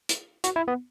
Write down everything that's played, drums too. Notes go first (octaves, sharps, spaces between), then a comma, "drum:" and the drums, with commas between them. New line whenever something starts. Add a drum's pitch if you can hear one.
drum: hi-hat
F#4, drum: hi-hat
E4
B3